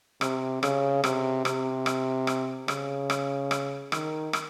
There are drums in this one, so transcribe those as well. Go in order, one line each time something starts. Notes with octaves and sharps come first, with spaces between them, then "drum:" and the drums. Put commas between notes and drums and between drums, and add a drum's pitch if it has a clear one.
C3, drum: rim click
C#3, drum: rim click
C3, drum: rim click
C3, drum: rim click
drum: rim click
drum: rim click
C#3, drum: rim click
drum: rim click
drum: rim click
D#3, drum: rim click
drum: rim click